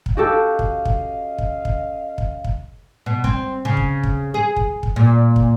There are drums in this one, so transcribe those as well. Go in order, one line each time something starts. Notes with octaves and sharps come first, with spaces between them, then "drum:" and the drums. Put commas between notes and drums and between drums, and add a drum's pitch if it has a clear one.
drum: kick
C#4 F#4 G4 A4 D#5 F5
drum: kick
drum: kick
drum: kick
drum: kick
drum: kick
drum: kick
B2
C4, drum: kick
C#3
drum: kick
drum: kick
G#4
drum: kick
drum: kick
A#2
drum: kick